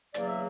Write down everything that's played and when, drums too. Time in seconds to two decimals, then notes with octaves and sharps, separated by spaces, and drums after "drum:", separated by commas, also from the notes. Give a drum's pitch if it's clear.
0.14 E2 C#3 F#3 A#3 D5, drum: hi-hat
0.27 E5